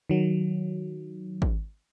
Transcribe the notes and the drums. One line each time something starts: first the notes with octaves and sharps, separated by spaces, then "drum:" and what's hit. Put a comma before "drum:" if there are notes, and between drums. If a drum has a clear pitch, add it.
D#3 F#3
drum: kick G#1